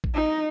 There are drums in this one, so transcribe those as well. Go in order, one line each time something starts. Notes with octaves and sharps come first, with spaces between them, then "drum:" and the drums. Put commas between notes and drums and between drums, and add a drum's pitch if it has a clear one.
drum: kick
D#4